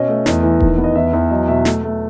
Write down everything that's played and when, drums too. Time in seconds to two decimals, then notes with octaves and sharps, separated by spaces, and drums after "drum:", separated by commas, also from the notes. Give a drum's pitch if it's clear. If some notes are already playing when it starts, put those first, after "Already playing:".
Already playing: B2 C#4 D#5
0.08 A3
0.26 E2, drum: snare
0.43 E3
0.60 D#3, drum: kick D#1
0.78 B3
0.84 D#5
0.95 E2 E5
1.13 E2
1.30 F#3 D#5
1.48 B2 E5
1.65 A3, drum: snare
1.83 A3